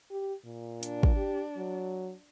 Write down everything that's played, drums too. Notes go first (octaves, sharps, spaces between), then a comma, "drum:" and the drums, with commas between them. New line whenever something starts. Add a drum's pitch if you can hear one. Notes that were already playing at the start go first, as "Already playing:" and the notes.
G4
A#2
D4, drum: hi-hat
drum: kick
G4
F#3